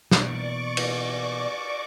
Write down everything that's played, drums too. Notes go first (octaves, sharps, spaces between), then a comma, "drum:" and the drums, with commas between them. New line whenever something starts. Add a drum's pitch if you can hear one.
B2 E3 A#3 D5 C#6 D6, drum: snare
drum: cymbal